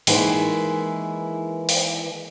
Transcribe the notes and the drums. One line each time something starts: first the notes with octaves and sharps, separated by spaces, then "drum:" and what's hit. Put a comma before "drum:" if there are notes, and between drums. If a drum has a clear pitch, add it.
D#3 E3 G#3 A#3 E4, drum: open hi-hat
drum: open hi-hat